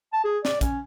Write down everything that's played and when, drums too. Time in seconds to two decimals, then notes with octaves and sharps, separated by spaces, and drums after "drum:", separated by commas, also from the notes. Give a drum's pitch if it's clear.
0.13 A5
0.24 G#4
0.45 D5, drum: snare
0.61 C#4, drum: kick A#1, hi-hat